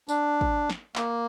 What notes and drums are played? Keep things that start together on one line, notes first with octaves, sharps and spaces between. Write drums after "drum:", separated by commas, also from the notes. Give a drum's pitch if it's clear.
D4, drum: tambourine
drum: kick G#1
drum: snare
A#3, drum: clap